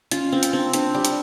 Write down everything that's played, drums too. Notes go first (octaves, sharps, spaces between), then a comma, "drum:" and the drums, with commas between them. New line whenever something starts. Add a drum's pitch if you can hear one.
C#4 F4, drum: hi-hat
C4 C#4
drum: hi-hat
C4 D4
C4 D4, drum: hi-hat
G3
drum: hi-hat